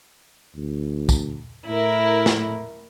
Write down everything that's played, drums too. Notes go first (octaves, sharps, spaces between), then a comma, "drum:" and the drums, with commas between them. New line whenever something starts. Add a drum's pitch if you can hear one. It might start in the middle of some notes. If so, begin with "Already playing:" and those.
D2
drum: kick, tambourine
A2 E4 A#4
drum: snare